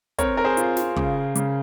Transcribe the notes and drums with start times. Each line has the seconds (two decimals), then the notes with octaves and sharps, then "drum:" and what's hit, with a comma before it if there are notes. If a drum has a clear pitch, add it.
0.18 C4 A#4 C#5, drum: kick, hi-hat
0.37 A#4
0.44 G#4 C5
0.57 F4, drum: hi-hat
0.77 drum: snare
0.96 C#3, drum: kick
1.35 C#3, drum: hi-hat